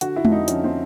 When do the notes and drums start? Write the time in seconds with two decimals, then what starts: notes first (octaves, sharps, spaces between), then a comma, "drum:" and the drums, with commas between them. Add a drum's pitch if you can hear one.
0.01 D3 F#4, drum: hi-hat
0.16 E4
0.25 F2, drum: tom G#3
0.32 D#4
0.48 F3 C#4, drum: hi-hat
0.64 C4